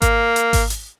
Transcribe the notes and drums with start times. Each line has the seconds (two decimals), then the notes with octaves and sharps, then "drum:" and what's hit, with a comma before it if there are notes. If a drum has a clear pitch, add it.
0.02 A#3, drum: kick G#1, hi-hat
0.36 drum: hi-hat
0.53 drum: kick G#1, open hi-hat
0.70 drum: hi-hat